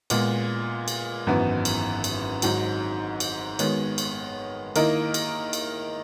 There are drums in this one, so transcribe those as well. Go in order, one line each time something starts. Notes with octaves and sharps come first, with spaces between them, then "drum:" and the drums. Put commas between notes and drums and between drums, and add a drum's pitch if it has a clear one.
A#2 G#3 B3, drum: cymbal
drum: cymbal
G#1 F#2 E3 B3 E4
drum: cymbal
drum: cymbal
G#1 G#2 F#3, drum: cymbal
drum: cymbal
D#3 G#3 B3 F#4 C#5, drum: cymbal
drum: cymbal
D#3 A#3 E4 A#4 D#5, drum: cymbal
drum: cymbal
drum: cymbal